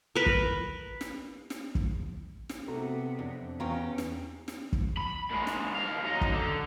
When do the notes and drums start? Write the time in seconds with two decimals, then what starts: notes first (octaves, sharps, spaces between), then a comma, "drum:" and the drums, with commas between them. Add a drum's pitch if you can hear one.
0.16 A#4 B4
0.26 drum: kick
1.01 drum: snare
1.50 drum: snare
1.75 drum: kick
2.49 drum: snare
2.68 C3 A3 B3 F#4 A#5
3.19 F2 D4
3.60 E2 C#4 G4 F5 A#5 C#6
3.98 drum: snare
4.48 drum: snare
4.73 drum: kick
4.97 B5
5.31 A#2 G#3
5.47 drum: snare
5.75 D#2 F5
6.04 F#2 D#4
6.21 drum: kick
6.33 D3